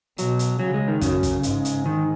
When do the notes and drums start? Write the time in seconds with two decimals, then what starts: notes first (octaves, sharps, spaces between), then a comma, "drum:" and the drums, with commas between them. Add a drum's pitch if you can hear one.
0.18 B2 F#3, drum: hi-hat
0.39 drum: hi-hat
0.60 C#3 F#3
0.74 G#3
0.88 D#3
1.01 F#2 C#3, drum: kick, hi-hat
1.23 drum: kick, hi-hat
1.43 G#2, drum: hi-hat
1.65 drum: hi-hat
1.86 D#3